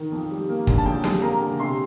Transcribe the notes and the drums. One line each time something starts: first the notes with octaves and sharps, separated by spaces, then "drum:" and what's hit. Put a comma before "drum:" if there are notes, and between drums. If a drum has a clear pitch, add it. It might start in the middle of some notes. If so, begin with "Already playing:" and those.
Already playing: D#3
F2
G3
A#3
D3, drum: kick
A5
F2 G5
G3, drum: snare
A#3 A#5
D3
C3 C6